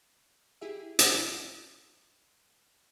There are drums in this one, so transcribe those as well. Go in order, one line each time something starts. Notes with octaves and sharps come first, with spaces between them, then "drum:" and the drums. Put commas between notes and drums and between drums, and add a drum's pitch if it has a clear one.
E4 G4 G#4 E5
drum: hi-hat